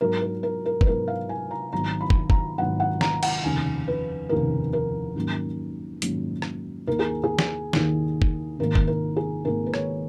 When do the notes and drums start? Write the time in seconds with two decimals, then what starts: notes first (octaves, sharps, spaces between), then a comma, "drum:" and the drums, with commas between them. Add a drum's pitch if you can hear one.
0.01 G#2 F#3 B3 A#4
0.22 A#4
0.43 A#4
0.66 A#4
0.81 B4, drum: kick
0.86 G#2 F#3 B3 A#4
1.08 F5
1.29 G#5
1.51 A#5
1.73 G#1 G#2 F#3 B3 A#5
2.01 B5
2.10 drum: kick
2.30 A#5, drum: kick
2.58 G#1 G#2 F#3 B3 F#5
2.80 F#5
3.01 A#5, drum: snare
3.23 F#5, drum: cymbal
3.44 F1 D#2 C#3 G#5
3.88 B4
4.29 F1 D#2 C#3 A#4
4.73 A#4
5.15 G#2 D#3 F#3 A#3 C#4
6.02 G#2 D#3 F#3 A#3 C#4, drum: hi-hat
6.42 drum: rim click
6.87 D#2 D#3 A#3 A#4
6.99 G#4
7.24 G#4
7.39 drum: snare
7.73 D#2 D#3 A#3, drum: snare
8.22 drum: kick
8.59 G#1 G#2 D#3 A#3 A#4
8.75 drum: kick
8.87 A#4
9.16 G#4
9.45 G#1 G#2 D#3 A#3 A#4
9.66 B4
9.74 C#5, drum: rim click